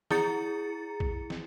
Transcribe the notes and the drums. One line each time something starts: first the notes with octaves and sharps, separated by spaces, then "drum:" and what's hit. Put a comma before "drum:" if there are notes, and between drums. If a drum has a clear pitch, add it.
E4 G#4 A#5 A6 C#7, drum: snare
drum: kick A#1
drum: snare